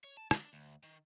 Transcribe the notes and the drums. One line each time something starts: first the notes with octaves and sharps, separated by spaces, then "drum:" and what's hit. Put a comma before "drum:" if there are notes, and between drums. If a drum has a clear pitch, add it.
C#5
A5
D4, drum: rim click
D2
D#3